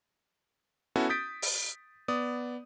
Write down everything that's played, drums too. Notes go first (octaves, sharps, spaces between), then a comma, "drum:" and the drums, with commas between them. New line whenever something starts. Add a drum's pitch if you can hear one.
B3 C#4 E4 F#4 A4
D#6 G6 A6 B6 D7
drum: open hi-hat
B3 D5 D#6